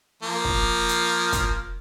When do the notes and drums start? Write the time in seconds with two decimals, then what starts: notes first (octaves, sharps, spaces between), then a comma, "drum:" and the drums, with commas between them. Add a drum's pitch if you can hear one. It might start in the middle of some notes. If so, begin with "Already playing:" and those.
0.23 F3 A#3
0.45 drum: kick
0.89 drum: hi-hat
1.32 drum: kick, hi-hat